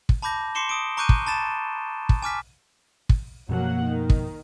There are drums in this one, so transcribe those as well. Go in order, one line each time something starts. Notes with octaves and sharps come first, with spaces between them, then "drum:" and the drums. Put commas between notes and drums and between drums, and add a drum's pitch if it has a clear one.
drum: kick
A5 B5 D6 G6 A#6
C6 D6 C7 C#7 E7 G7
D#6 D7
A#5 C#6 D6 F#6 G6 D#7
drum: kick
A5 B5 A6 E7
drum: kick
G#5 D6 F6 B6
drum: kick
F#2 B2 F3 F#3 A#3 F#5
D#3
drum: kick